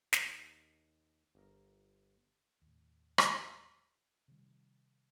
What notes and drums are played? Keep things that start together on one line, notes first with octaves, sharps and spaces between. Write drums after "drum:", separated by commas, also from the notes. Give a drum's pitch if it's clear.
D#2, drum: snare
G1 A#4
D#2 A2
drum: rim click
C3 D#3 G3